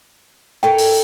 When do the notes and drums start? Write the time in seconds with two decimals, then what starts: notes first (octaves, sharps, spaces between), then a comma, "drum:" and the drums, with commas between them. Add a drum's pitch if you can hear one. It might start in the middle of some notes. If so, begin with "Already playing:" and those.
0.63 D#4 A4 A#4 G5
0.78 drum: open hi-hat